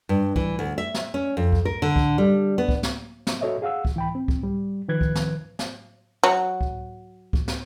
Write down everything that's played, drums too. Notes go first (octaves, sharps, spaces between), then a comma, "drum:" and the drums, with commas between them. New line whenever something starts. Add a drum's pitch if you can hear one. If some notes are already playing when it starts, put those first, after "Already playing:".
G2
E3, drum: kick C#2
D2
E5
drum: snare
C#4
F2
drum: kick C#2
A#4
D3
drum: kick C#2
G3
B3
drum: kick C#2
drum: snare
drum: snare
F#4 A4 C#5 D#5 E5
G#4 F5 F#5 E6
drum: kick C#2
E3 G5 B5
C4
drum: kick C#2
G3
D#3 F3 B4 F#6 G#6
drum: kick C#2
drum: snare
drum: snare
F#3
drum: kick C#2
drum: kick C#2
drum: snare